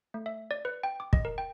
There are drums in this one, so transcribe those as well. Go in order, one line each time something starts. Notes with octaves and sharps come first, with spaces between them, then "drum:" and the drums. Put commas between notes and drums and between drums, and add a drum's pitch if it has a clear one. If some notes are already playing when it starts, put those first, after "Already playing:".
A3
E5
D5
B4
G5
D6
D#5, drum: kick
A#4
G5